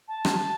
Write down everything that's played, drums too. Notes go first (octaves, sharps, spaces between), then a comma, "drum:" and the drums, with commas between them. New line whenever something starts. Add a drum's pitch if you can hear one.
A5
drum: rim click